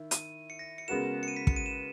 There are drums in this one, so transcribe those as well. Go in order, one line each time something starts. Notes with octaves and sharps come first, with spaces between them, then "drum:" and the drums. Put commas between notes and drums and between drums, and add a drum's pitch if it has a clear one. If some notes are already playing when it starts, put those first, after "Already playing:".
Already playing: D#3 E4
D#7, drum: hi-hat
C#7
A#6
C#7
C#3 G#3 B3 F#4 A#4 E7
C#7
D#7
B6
C#7, drum: kick
D#7
E7